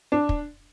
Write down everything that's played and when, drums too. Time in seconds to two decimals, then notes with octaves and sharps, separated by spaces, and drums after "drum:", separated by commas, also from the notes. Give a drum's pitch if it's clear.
0.12 D4
0.29 drum: kick